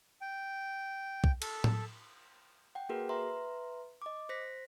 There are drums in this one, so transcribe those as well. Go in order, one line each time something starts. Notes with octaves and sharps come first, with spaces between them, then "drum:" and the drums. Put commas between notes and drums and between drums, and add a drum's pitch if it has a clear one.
G5
drum: kick
A4, drum: cymbal
drum: tom A2
F#5 G5
A#3 F#4 G#4 A#4 B4
B4 E5 A#5 C6
D#5 D6
C5 A#6 B6